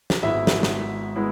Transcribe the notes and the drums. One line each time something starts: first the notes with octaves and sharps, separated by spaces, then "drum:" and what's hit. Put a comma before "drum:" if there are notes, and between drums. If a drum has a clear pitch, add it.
drum: snare
G#1 G#2 G#3 B3 E4 E5
drum: snare
drum: snare
G#3 B3 E4